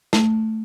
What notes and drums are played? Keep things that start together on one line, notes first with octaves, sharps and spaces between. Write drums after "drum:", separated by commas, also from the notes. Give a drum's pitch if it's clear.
A3, drum: snare